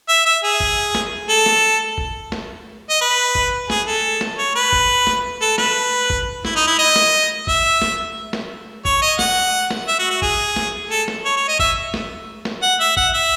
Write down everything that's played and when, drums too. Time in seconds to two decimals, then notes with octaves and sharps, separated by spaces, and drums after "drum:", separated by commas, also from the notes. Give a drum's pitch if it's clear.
0.09 E5
0.26 E5
0.43 G#4
0.60 drum: kick
0.95 drum: snare
1.29 A4
1.46 drum: snare
1.98 drum: kick
2.32 drum: snare
2.89 D#5
3.01 B4
3.35 drum: kick
3.70 G#4, drum: snare
3.87 A4
4.21 drum: snare
4.38 C#5
4.55 B4
4.72 drum: kick
5.07 drum: snare
5.41 A4
5.58 B4, drum: snare
6.10 drum: kick
6.45 E4, drum: snare
6.56 D#4
6.67 E4
6.79 D#5
6.96 drum: snare
7.47 E5, drum: kick
7.82 drum: snare
8.33 drum: snare
8.85 C#5, drum: kick
9.02 D#5
9.19 F#5, drum: snare
9.71 drum: snare
9.88 E5
9.99 F#4
10.10 F#4
10.22 G#4, drum: kick
10.56 drum: snare
10.91 A4
11.08 drum: snare
11.25 C#5
11.37 C#5
11.48 D#5
11.59 E5, drum: kick
11.94 drum: snare
12.45 drum: snare
12.63 F#5
12.80 E5
12.97 F#5, drum: kick
13.14 E5